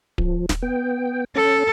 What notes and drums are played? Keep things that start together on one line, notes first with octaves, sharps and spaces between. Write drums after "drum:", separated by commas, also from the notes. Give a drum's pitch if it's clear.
F3, drum: kick D1
drum: snare
B3 G5
C#4 A4